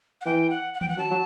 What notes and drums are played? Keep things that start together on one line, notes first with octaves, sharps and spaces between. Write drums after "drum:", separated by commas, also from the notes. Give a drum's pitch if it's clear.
F#5
E3 G5
F#5
F#5
G5, drum: tom D#3
F#5
F#3 A5
F#3